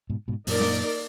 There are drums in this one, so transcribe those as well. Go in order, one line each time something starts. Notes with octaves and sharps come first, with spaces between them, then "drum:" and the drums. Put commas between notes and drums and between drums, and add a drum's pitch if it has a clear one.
G#2 B2
G#2 B2
F#2 A#2 A#3 D#4 A#4 D5, drum: open hi-hat
drum: snare